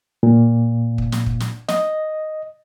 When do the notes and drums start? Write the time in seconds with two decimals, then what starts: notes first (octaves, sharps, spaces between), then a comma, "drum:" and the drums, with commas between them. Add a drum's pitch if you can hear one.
0.23 A#2
0.98 drum: kick
1.12 drum: snare
1.26 drum: kick
1.40 drum: snare
1.69 D#5, drum: snare